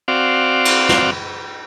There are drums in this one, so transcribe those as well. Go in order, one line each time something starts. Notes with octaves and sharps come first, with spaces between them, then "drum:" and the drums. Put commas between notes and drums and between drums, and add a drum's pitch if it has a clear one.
C4 F#4 D5 F5
drum: cymbal
drum: snare